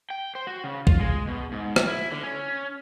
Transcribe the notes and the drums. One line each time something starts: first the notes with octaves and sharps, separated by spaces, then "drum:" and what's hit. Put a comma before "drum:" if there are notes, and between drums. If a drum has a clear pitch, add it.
G5
C5
F#4
C#3
F4, drum: kick B1
G#3
B2
G#2
drum: rim click
E4
D3
C#4